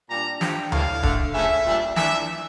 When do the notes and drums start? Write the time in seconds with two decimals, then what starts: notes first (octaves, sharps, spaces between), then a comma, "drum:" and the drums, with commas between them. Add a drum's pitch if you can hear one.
0.10 A#2 G3 D4 A#5
0.41 G2 F3 A3 G5, drum: snare
0.72 A2 E3 G3 A#3 D4 F5, drum: tom D2
1.03 D3 A3 D4, drum: kick D#1
1.34 C#3 F3 A3 C#4 E5
1.65 A#2 G3 D4
1.96 E3 A3 D4 E5, drum: snare